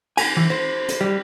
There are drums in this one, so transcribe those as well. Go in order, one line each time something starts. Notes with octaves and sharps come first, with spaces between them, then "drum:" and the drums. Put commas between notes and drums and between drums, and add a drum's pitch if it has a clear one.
G#5, drum: cymbal
E3
C5
drum: hi-hat
G3